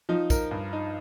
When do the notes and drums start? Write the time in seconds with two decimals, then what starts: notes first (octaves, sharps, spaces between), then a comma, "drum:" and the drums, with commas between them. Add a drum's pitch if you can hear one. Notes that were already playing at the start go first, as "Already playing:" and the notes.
0.09 F3 D#4
0.30 A#4, drum: kick, tambourine
0.51 G2
0.73 D#4